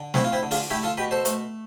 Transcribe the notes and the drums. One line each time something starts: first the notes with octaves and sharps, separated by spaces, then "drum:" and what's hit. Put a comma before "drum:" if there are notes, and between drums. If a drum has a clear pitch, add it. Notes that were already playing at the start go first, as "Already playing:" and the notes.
Already playing: D3
A3 C4 E4, drum: snare
F4
C4 E4
D3
D4 F4, drum: open hi-hat
A3 E4 G4
F4 A4
B2 G4 B4
A4 C5
A3, drum: hi-hat